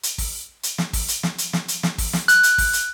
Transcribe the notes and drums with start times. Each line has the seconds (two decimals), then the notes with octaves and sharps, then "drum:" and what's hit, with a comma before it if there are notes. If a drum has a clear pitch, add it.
0.03 drum: hi-hat
0.18 drum: kick, open hi-hat
0.63 drum: hi-hat
0.78 drum: snare
0.93 drum: kick, open hi-hat
1.08 drum: hi-hat
1.23 drum: snare
1.38 drum: hi-hat
1.53 drum: snare
1.68 drum: hi-hat
1.83 drum: snare
1.98 drum: kick, open hi-hat
2.13 drum: snare
2.28 F#6, drum: hi-hat
2.43 drum: hi-hat
2.58 drum: kick, open hi-hat
2.73 drum: hi-hat